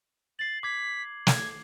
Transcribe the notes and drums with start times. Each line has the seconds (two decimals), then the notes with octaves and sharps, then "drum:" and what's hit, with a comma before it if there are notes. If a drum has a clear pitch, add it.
0.39 A6 C7 F#7
0.63 D6 G#6 B6
1.27 G#6, drum: snare